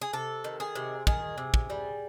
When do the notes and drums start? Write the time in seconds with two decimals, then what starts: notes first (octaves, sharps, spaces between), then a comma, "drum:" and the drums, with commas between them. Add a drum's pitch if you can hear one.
0.01 G#4
0.13 C3 A4
0.44 D#3
0.60 G#4
0.75 C3
1.07 D#3 G#4, drum: kick
1.38 C3
1.54 drum: kick
1.70 G3